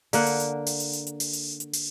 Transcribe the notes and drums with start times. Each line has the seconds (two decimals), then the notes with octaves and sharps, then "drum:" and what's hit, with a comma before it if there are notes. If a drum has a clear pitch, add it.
0.13 D3 A#3 F#5, drum: open hi-hat
0.26 drum: hi-hat
0.40 drum: hi-hat
0.66 drum: open hi-hat
0.80 drum: hi-hat
0.93 drum: hi-hat
1.07 drum: hi-hat
1.20 drum: open hi-hat
1.33 drum: hi-hat
1.60 drum: hi-hat
1.73 drum: open hi-hat